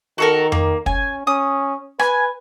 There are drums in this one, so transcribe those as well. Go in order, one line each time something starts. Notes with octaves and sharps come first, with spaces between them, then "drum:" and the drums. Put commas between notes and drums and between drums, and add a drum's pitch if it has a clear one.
D#3 F#4 A4 A#4
A#3, drum: tom F2
C#4 G#5, drum: kick
C#4 D#6
B4 G#5, drum: rim click